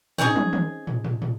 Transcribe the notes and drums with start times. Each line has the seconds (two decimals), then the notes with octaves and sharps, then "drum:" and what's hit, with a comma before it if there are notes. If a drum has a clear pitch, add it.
0.18 C4 C#4 D#4 G#4, drum: tom
0.36 drum: tom
0.53 drum: tom
0.87 drum: tom
1.05 drum: tom
1.22 drum: tom